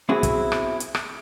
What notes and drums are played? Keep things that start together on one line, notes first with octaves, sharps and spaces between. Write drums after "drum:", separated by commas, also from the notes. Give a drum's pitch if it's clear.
B3 C4 E4 F#4 G#4
drum: kick, hi-hat
drum: rim click
drum: hi-hat
drum: rim click